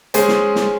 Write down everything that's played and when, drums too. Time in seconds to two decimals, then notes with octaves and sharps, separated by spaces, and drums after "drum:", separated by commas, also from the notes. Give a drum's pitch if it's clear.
0.14 G#3 C#4 G#4 C5, drum: hi-hat
0.28 drum: snare
0.56 drum: snare